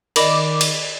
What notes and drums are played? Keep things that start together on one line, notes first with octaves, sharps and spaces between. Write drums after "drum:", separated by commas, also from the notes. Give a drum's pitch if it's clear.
D#3 D5 D#5 B5 D6, drum: cymbal
drum: cymbal